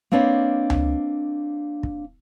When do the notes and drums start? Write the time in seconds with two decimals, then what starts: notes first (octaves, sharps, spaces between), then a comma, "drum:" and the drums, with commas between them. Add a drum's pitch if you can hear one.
0.12 A#3 C4 D4 B4 C#5 D#5
0.70 drum: tom C#2
1.83 drum: kick